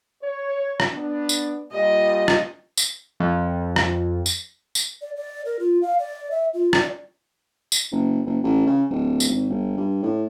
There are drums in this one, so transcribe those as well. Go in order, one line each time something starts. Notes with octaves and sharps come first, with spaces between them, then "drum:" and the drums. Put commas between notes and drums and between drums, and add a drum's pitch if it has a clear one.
C#5
drum: rim click
B3 D4
drum: tambourine
A#2 G3 D#5
drum: rim click
drum: tambourine
F2
drum: rim click
drum: tambourine
drum: tambourine
D5
D5
A#4
F4
F5
D5
E5
F4
D5, drum: rim click
drum: tambourine
F#1
F#1
A1
C#3
D1
drum: tambourine
G#1
G1
G2
A2